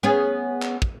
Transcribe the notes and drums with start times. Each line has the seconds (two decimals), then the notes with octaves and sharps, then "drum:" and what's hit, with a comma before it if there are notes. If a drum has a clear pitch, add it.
0.03 B3 C#4 G#4
0.62 drum: clap
0.82 drum: kick